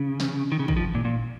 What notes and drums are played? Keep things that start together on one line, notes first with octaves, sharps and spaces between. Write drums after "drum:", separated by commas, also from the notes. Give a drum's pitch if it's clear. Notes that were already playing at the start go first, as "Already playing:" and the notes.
Already playing: C#3
drum: snare
D#3
C#3
D#3, drum: kick
F3
A#2
A#2